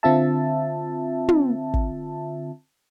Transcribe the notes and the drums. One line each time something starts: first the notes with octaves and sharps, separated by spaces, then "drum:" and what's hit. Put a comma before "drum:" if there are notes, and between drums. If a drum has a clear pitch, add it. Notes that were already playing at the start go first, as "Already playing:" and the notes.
D3 C4 F4 E5 A5
drum: tom
drum: kick